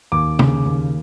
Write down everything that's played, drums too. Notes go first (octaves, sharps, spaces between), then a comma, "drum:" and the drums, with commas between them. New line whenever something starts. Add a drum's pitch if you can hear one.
D#2 D6
C#3, drum: tom C3
D#2